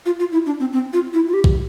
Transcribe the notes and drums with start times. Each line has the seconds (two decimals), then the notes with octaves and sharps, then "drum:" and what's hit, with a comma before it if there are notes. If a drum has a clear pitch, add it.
0.06 F4
0.19 F4
0.32 E4
0.46 D4
0.60 C4
0.73 C4
0.93 F4
1.14 E4
1.28 F4
1.34 G4
1.44 drum: kick A#1